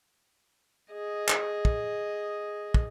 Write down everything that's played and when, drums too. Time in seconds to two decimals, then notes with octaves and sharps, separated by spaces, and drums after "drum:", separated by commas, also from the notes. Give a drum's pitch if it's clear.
0.92 G#4 D#5
1.28 drum: clap
1.65 drum: kick
2.74 drum: kick